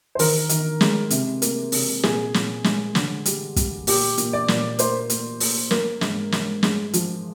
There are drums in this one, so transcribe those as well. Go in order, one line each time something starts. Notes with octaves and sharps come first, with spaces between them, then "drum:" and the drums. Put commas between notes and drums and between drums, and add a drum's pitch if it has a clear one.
C5
D#3 A#4, drum: open hi-hat
D#3, drum: hi-hat
G#3, drum: snare
C3, drum: hi-hat
A#3, drum: hi-hat
C3, drum: open hi-hat
A#2 G#4, drum: snare
A#2, drum: snare
G#3, drum: snare
D3, drum: snare
G3, drum: hi-hat
G3, drum: kick, hi-hat
A#2 G4, drum: open hi-hat
A#2, drum: hi-hat
D5
A#2, drum: snare
A#3 C5, drum: hi-hat
A#3, drum: hi-hat
A#3, drum: open hi-hat
A#3 A#4, drum: snare
G#2, drum: snare
G#2, drum: snare
G#3, drum: snare
F3, drum: hi-hat